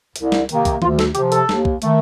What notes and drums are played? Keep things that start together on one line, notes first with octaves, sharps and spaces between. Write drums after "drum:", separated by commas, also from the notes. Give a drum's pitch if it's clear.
C2, drum: hi-hat
drum: snare
C3 D#3 A#3, drum: hi-hat
drum: kick B1, hi-hat
D2 F4, drum: tom D#3
A4, drum: snare
C3 F3 G4, drum: hi-hat
A4, drum: hi-hat
D#2, drum: snare
drum: kick B1
D#3 A3, drum: hi-hat